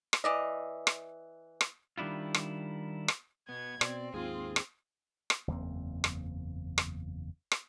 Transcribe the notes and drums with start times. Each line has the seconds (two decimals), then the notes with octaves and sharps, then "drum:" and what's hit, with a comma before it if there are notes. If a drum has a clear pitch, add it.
0.13 drum: rim click
0.24 E3 D5 D#5
0.87 drum: rim click
1.61 drum: rim click
1.98 D#3 G3 D4 E4 F4
2.34 drum: rim click
3.08 drum: rim click
3.49 B2 B3 G#6
3.81 B2 C4 D5, drum: rim click
4.14 D#2 G#2 F4 G#4
4.56 drum: rim click
5.30 drum: rim click
5.48 F#1 E2 A#3 C4
6.04 drum: rim click
6.78 drum: rim click
7.52 drum: rim click